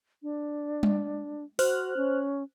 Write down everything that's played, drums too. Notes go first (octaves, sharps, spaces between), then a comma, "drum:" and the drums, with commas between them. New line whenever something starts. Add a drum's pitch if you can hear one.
D4
drum: tom G3
F#4 C5 F6 F#6, drum: open hi-hat
C#4